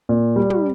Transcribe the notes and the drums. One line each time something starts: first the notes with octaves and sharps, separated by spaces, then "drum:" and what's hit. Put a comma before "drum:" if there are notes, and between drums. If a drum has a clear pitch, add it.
A#2
G3
drum: tom